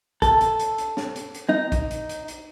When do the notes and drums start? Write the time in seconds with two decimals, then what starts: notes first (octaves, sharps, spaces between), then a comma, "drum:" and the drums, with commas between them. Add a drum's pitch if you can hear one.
0.22 A4, drum: kick, hi-hat
0.41 drum: hi-hat
0.59 drum: hi-hat
0.78 drum: hi-hat
0.97 drum: snare
1.16 drum: hi-hat
1.34 drum: hi-hat
1.49 D#4
1.72 drum: kick, hi-hat
1.91 drum: hi-hat
2.09 drum: hi-hat
2.28 drum: hi-hat